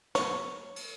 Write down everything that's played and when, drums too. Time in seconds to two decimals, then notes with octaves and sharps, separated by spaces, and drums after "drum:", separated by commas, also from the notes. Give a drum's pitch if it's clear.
0.15 C#5, drum: snare
0.76 drum: cymbal